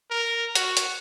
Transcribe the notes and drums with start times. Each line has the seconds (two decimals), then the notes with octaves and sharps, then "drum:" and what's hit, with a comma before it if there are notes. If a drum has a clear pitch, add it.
0.11 A#4
0.55 F#4, drum: hi-hat
0.77 drum: hi-hat